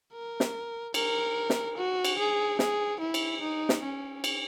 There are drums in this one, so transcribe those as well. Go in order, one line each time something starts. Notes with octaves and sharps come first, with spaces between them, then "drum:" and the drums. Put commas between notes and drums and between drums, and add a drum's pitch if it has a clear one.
A#4
drum: snare
A#4, drum: cymbal
drum: snare
F#4
drum: cymbal
G#4
G#4, drum: snare
E4
drum: cymbal
D#4
drum: snare
C#4
drum: cymbal